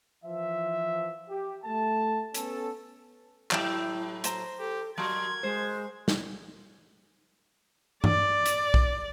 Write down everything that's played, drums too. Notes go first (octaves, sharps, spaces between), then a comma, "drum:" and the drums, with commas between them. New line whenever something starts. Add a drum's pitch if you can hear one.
E3 F3 E5
G4
A3 A5
B3 C#4 A4, drum: hi-hat
A2 F#3 E4 E5 G5, drum: clap
C5 A#5, drum: hi-hat
G4 A4
F#3 F#4 A#4 C6 G#6
G#3 C5
drum: snare
D5, drum: tom G2
drum: hi-hat
drum: kick B1